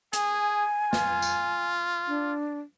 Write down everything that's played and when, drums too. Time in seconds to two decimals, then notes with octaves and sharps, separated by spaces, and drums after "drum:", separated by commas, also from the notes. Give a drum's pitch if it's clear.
0.13 G#4 G#5, drum: hi-hat
0.93 F4, drum: snare
1.22 drum: tambourine
2.08 D4